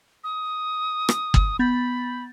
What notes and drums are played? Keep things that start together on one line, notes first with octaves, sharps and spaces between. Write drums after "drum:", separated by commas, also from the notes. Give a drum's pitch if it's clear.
D#6
drum: rim click
drum: kick
B3 B5 G6 A6